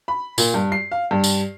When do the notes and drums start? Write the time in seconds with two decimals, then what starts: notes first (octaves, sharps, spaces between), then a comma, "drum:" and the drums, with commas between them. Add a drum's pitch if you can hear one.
0.08 B5
0.38 A#2, drum: tambourine
0.54 G2
0.72 C7
0.91 F5
1.11 G2
1.24 drum: tambourine